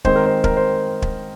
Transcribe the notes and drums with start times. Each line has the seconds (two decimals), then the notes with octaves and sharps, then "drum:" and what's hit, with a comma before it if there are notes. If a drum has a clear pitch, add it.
0.05 D#3 G#3 C4 C5, drum: kick
0.16 A#4
0.26 C5
0.44 A#4, drum: kick
0.57 C5
1.02 drum: kick